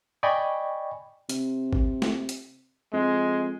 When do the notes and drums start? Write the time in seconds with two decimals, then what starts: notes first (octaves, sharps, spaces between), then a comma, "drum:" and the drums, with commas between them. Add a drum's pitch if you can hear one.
0.23 D5 D#5 G5 G#5 B5 C#6
1.29 C3, drum: hi-hat
1.73 drum: kick G#1
2.02 drum: snare
2.29 drum: hi-hat
2.93 F2 G#3